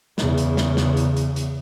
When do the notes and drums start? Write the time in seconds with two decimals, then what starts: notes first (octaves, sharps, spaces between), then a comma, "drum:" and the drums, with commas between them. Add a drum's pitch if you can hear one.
0.18 E2 C#3, drum: snare
0.38 drum: hi-hat
0.57 drum: snare
0.77 drum: snare
0.97 drum: hi-hat
1.17 drum: hi-hat
1.36 drum: hi-hat